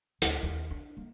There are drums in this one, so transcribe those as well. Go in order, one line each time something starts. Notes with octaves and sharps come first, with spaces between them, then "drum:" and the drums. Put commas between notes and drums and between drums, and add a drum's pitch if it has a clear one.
D2, drum: hi-hat
D#2
D4
A#3